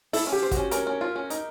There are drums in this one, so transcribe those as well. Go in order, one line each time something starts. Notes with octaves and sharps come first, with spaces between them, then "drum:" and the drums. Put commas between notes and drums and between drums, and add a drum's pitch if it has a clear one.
E4 A4, drum: open hi-hat
C#4
G4
C5
F#4, drum: kick, hi-hat
C#4
C#4 A#4, drum: hi-hat
C#4
F4
C#4
D#4, drum: hi-hat